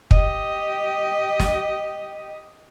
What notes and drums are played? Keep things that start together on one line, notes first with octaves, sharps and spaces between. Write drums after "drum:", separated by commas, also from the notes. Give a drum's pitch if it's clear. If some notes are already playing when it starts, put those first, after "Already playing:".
G4 D#5, drum: kick
drum: snare